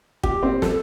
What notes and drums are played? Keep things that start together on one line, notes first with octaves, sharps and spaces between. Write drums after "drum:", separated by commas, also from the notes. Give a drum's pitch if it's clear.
G4, drum: kick
C4
A4, drum: snare